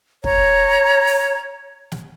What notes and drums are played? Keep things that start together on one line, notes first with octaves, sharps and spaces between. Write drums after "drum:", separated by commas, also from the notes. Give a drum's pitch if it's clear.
C#5 A#5, drum: kick
drum: open hi-hat
drum: snare